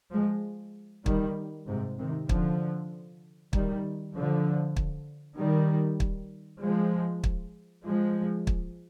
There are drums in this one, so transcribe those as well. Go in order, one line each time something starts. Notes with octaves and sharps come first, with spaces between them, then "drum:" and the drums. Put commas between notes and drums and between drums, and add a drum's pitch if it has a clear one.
F3 G#3
D#3 G3, drum: kick
G#2 C3
C3 D#3
D3 F3, drum: kick
D#3 G3, drum: kick
D3 F3
drum: kick
D#3 G3
drum: kick
F3 G#3
drum: kick
F3 G#3
drum: kick